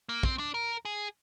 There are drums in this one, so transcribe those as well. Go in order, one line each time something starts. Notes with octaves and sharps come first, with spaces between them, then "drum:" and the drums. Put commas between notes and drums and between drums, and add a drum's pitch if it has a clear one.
A#3
C4, drum: kick
D4
A#4
G#4